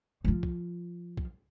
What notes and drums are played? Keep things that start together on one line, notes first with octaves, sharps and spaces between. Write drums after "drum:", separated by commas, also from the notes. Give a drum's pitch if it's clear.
F3 F4
drum: kick
drum: kick